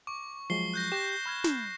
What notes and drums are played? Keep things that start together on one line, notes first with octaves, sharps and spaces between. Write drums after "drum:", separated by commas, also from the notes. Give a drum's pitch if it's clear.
C#6 D6
F3 F#3 G#3 C7 G7
F#6 G6 A#6
G4 A#6 E7
B5 F6 G#6
drum: snare